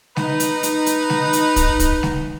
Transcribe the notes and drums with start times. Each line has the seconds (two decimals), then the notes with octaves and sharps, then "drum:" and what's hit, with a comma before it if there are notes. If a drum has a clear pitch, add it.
0.16 D#4 B4, drum: snare G#3
0.40 drum: hi-hat
0.63 drum: hi-hat
0.86 drum: hi-hat
1.10 drum: snare G#3
1.33 drum: hi-hat
1.56 drum: kick, hi-hat
1.80 drum: kick, hi-hat
2.03 drum: snare G#3